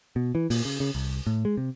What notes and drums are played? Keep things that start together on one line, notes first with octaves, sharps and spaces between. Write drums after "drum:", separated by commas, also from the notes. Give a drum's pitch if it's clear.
B2
E3
A#2, drum: open hi-hat
C#3
C#3
C2
A2
G#3
C3